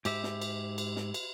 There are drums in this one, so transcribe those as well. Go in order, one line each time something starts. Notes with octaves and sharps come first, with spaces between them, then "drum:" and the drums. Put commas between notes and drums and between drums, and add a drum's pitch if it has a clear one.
G#2 G4 E5, drum: cymbal
drum: snare
drum: cymbal
drum: cymbal
drum: snare
drum: cymbal